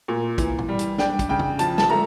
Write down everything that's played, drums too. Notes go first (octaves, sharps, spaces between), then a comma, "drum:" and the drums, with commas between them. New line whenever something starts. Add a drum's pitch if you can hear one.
A#2
E3, drum: kick, hi-hat
drum: tom
G3
drum: hi-hat
D4 G5, drum: snare
drum: kick, hi-hat
C#3 G5
drum: tom
F3 A5, drum: hi-hat
A5, drum: snare
A3 A#5